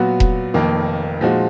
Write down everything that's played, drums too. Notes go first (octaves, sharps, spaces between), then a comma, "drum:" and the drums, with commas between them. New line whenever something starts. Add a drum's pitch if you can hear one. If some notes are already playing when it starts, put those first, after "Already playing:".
Already playing: A#2 F#3 B3 F#4
drum: kick E1
F1 F2 D#3 A#3
A#2 F3 G#3 D#4 F#4